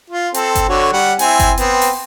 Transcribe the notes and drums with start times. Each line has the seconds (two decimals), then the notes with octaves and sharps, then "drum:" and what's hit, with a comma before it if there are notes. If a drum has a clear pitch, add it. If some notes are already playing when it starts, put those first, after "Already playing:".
0.10 F4
0.34 C4 A4, drum: hi-hat
0.55 drum: kick G1, hi-hat
0.69 D3 F#4 C#5
0.93 G3 F#5
1.19 C4 E4 G#5, drum: hi-hat
1.39 drum: kick G1, hi-hat
1.58 B3 C4, drum: hi-hat
1.82 drum: open hi-hat